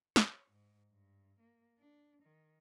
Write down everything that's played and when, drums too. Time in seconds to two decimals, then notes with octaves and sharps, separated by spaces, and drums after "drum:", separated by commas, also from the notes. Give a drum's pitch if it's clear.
0.16 C#5, drum: snare
0.51 G#2
0.92 G2
1.40 A#3
1.79 D4
2.23 D#3